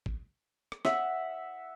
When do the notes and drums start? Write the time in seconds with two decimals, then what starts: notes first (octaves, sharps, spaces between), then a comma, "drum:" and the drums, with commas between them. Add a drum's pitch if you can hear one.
0.06 drum: kick
0.72 drum: rim click
0.85 E5 F#5, drum: snare